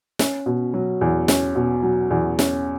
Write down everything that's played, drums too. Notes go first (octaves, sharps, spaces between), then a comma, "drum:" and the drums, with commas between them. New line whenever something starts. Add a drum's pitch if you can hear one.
C#4, drum: snare
B2
F#3
E2
C#4, drum: snare
B2
F#3
E2
C#4, drum: snare